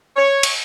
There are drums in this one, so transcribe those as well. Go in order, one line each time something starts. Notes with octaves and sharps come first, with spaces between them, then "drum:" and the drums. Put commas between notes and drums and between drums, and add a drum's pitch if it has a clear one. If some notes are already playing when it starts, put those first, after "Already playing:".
C#5
drum: cymbal